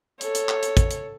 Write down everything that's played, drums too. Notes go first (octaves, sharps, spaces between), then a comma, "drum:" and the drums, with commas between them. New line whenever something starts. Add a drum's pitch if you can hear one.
A4 C#5, drum: hi-hat
drum: hi-hat
drum: clap
drum: hi-hat
drum: kick, hi-hat
drum: hi-hat